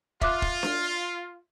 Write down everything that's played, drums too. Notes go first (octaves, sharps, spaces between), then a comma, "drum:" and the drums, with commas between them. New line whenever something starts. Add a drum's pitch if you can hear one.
F4 E5 D6 F#6, drum: kick
drum: kick
drum: snare D4